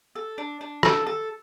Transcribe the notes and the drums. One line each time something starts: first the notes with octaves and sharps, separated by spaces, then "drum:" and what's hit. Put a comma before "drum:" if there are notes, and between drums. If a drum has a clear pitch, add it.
A4
D4
D4
A4, drum: rim click
A4